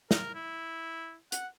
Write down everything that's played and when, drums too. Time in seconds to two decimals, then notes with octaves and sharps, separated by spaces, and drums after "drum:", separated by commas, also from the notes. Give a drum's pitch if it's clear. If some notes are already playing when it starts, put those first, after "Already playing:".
0.11 A#4, drum: snare
0.34 E4
1.32 F#5, drum: hi-hat